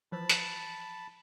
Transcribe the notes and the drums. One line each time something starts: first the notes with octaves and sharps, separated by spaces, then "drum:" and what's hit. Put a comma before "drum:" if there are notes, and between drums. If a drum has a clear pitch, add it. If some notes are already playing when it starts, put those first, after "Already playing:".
E3 F3 A5 B5
drum: hi-hat